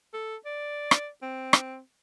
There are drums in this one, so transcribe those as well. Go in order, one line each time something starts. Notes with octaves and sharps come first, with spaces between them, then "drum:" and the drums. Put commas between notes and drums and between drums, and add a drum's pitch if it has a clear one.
A4
D5
drum: rim click
C4
drum: rim click